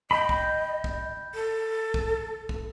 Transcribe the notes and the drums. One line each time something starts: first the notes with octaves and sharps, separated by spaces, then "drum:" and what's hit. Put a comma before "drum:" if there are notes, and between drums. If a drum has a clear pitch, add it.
D#5 G5 B5
drum: kick
drum: kick
A4
drum: kick
drum: kick